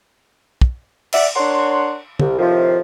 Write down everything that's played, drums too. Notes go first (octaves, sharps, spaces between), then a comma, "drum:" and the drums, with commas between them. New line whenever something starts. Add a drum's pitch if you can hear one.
drum: kick
D5 E5 F#5, drum: cymbal
D4 A#4 C#5 F#5 C6
C2, drum: tom
A2 C3 D#3 F3